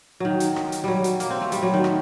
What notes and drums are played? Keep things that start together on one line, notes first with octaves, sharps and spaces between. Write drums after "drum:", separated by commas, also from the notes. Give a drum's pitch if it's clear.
D#3 F#3
drum: hi-hat
drum: rim click
drum: hi-hat
F#3 G3
drum: hi-hat
A#3, drum: hi-hat
C4
A3
G3, drum: hi-hat
F#3
D#3
drum: rim click